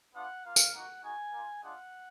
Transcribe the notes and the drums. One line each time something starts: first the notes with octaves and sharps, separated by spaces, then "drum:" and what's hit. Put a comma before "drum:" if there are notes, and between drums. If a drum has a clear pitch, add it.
B3 D4 F4 F#5
A#3 F4 F5
drum: tambourine
A#3 D#4 F#4 F#5
G#3 D#4 F#4 G#5
A#3 F4
G#3 D4 F4 F#5